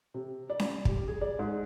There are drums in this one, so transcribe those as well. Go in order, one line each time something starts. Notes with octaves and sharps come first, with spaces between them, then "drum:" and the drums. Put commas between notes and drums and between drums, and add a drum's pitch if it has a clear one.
C3
D5
drum: snare C#4
G3, drum: kick
G#4
D5
G#2